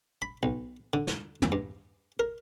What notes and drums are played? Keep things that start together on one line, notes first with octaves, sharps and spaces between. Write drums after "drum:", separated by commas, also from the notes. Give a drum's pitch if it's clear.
B5
B1
D3
drum: snare
drum: tom
G2
A#4